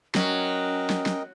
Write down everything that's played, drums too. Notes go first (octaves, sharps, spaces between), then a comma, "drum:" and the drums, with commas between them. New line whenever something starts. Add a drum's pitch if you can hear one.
F#3 C#4 A#4 D#5 G5, drum: snare
drum: snare
drum: snare